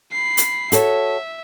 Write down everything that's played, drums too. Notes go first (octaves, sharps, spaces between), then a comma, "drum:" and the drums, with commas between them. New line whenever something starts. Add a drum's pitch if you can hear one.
B5 C7
drum: hi-hat
F#4 A4 C#5 E5, drum: hi-hat